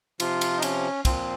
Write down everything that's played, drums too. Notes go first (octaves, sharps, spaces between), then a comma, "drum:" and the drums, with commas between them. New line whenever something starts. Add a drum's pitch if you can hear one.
C3 F3 F4, drum: cymbal
drum: cymbal
D#4
C#4, drum: cymbal
A#2 F3 C4, drum: kick, cymbal